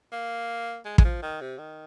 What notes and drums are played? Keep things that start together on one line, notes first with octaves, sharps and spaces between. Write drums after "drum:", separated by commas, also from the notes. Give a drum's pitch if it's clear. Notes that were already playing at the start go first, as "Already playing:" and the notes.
A#3
G#3
G#3, drum: kick
F3
D#3
C3
D#3